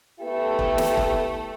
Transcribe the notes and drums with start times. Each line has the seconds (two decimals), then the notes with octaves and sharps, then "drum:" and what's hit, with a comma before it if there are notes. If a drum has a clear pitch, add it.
0.20 A3 B3 E4 G4 A4
0.59 drum: kick
0.78 drum: snare
0.97 drum: kick